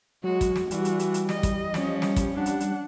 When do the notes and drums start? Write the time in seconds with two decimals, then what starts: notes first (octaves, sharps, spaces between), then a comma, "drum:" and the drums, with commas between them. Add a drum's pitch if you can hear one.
0.24 F#3 G#3 F#4
0.41 drum: kick, hi-hat
0.56 drum: snare
0.71 E3 G3 F#4, drum: hi-hat
0.85 drum: hi-hat
0.99 drum: hi-hat
1.14 drum: hi-hat
1.29 D#5, drum: snare
1.43 drum: kick, hi-hat
1.74 F3 C#4, drum: snare
2.02 drum: snare
2.17 drum: kick, hi-hat
2.34 D4 F#5
2.46 drum: hi-hat
2.60 drum: hi-hat